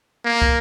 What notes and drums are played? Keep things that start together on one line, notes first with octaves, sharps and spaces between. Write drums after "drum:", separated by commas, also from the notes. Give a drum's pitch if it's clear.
A#3
drum: kick